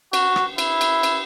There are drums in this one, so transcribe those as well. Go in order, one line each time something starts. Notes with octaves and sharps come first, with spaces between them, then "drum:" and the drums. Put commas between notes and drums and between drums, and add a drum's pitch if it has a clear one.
F#4, drum: cymbal
drum: rim click
E4, drum: cymbal
drum: cymbal
drum: cymbal